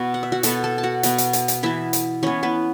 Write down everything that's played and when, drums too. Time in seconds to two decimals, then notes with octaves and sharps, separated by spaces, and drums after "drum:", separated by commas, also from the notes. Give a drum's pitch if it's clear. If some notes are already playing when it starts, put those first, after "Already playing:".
Already playing: B2 B3 F#4
0.14 F#5
0.23 E5
0.32 F#4 F#5
0.43 B2 B3 A4 A5, drum: hi-hat
0.64 A4 A5
0.78 A5
0.83 F#4 F#5
1.03 B2 B3, drum: hi-hat
1.18 drum: hi-hat
1.33 drum: hi-hat
1.48 drum: hi-hat
1.63 E3 B3 E4 E5
1.93 drum: hi-hat
2.23 E3 B3 C#4 C#5
2.43 B3 B4